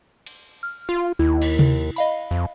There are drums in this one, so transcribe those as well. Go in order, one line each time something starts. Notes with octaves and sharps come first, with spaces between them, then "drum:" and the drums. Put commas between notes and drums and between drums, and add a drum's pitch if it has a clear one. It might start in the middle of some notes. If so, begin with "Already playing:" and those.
drum: cymbal
F6
F4
D#2 E4
drum: cymbal
drum: tom C3
D#5 F5 B5, drum: tambourine
F2